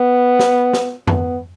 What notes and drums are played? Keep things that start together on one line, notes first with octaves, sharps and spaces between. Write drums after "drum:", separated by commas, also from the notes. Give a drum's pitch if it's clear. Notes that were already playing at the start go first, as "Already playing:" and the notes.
Already playing: B3
drum: snare
drum: snare
B3, drum: tom F2